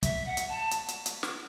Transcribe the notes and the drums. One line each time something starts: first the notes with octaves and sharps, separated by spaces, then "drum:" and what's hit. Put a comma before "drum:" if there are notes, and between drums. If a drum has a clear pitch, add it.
E5, drum: kick, hi-hat
F#5
drum: hi-hat
A5
drum: hi-hat
drum: hi-hat
drum: hi-hat
drum: snare